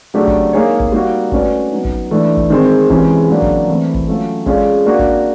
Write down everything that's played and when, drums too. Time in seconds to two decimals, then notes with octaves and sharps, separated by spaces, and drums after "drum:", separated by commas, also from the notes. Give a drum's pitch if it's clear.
0.14 C#3 F#3 A3 D4 G4
0.27 drum: kick
0.53 A#3 D#4 G#4 C#5
0.80 drum: kick
0.92 G3 A#3 D#4 F#4
1.32 A3 C#4 F#4 B4 D5, drum: kick
1.72 F#3 B3 D#4
1.85 drum: kick
2.11 E3 A3 D4
2.37 drum: kick
2.50 D#3 G#3 C4
2.90 C3 E3 G#3 C#4, drum: kick
3.29 C#3 F#3 A#3 D4
3.42 drum: kick
3.68 E3 A3 C4 E4
3.94 drum: kick
4.08 F#3 A3 C#4 F4 A4
4.46 G#3 C#4 F4 A4 D5, drum: kick
4.86 A#3 D4 F#4
4.99 drum: kick